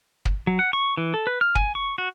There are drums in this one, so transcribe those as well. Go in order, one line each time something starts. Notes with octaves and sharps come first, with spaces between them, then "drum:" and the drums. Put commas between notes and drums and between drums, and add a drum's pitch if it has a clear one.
drum: kick
F#3
F#5
C#6
E3
A4
B4
F6
G#5, drum: kick
C#6
F#4